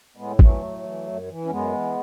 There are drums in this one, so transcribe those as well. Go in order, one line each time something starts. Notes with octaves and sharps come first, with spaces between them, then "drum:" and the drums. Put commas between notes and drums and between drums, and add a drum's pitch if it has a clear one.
A2 G#3 B3
E3 F#3 A3, drum: kick
A2
E3
F#2
E3
C#4
F#2 G#3 B3
E3